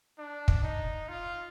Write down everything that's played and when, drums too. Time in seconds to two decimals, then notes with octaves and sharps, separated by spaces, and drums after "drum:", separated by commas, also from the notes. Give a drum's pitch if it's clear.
0.18 D4
0.48 drum: kick
0.63 D#4
1.08 F4